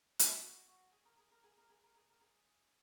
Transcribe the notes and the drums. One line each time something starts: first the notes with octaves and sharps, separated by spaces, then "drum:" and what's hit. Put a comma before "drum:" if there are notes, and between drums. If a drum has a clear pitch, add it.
F#4, drum: hi-hat
F#4
F#4
G#4
A#4
G#4
A#4
G#4
A#4
G#4
A#4
G#4
A#4
G#4